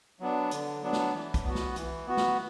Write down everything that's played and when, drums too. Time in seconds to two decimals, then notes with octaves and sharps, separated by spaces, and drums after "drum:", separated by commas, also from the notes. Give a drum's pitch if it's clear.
0.20 F#3 B3 D4
0.51 D3, drum: hi-hat
0.82 F#3 B3 D4
0.93 drum: snare
1.14 E3
1.34 drum: kick B1, hi-hat
1.44 B3 F#4
1.55 drum: snare
1.76 E3, drum: hi-hat
2.07 B3 F#4
2.17 drum: snare